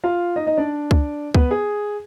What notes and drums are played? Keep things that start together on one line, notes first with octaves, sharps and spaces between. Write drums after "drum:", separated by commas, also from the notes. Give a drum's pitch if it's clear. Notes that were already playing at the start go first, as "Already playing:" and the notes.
F4 F5
D#4 D#5
D#4 D#5
D4 D5
drum: kick C#2
B3 B4, drum: kick C#2
G#4